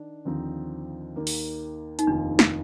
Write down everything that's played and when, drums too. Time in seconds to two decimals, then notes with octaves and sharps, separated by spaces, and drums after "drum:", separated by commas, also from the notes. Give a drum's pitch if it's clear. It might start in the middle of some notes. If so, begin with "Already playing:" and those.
Already playing: D#3 D4
0.25 D#2 D3 F3 C4 D#4
1.16 D#2 D#3 A#3
1.27 drum: open hi-hat
1.99 D#4, drum: hi-hat
2.07 F1 D#2 D#3 A#3 D4 F4
2.39 drum: snare